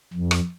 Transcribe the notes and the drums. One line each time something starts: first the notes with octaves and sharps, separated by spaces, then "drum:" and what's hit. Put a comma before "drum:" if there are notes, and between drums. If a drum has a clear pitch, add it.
F2
drum: rim click